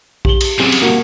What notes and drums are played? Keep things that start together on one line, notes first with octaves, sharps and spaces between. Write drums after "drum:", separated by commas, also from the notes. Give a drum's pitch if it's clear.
G4 F#7 G7, drum: kick A#1
drum: cymbal
C#3 F#3 G3 C4 G#4
drum: cymbal
C2 A#3 F#4